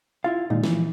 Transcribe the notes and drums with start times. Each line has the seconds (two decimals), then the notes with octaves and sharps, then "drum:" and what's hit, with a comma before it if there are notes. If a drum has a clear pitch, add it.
0.24 E4 F4 F5 A6
0.50 A#2 D#3 G#3 D#4
0.64 E3 F3, drum: snare